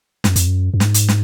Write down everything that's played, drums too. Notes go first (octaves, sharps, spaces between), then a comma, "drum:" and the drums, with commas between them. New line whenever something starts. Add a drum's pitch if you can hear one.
F#2, drum: snare
F2, drum: hi-hat
F#2
F#2
G#2, drum: snare
drum: hi-hat
drum: snare